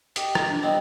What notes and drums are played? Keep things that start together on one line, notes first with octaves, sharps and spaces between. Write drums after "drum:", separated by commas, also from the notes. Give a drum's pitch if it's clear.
D#4 G4, drum: hi-hat
drum: rim click
D4
G3 B3 C4 D#5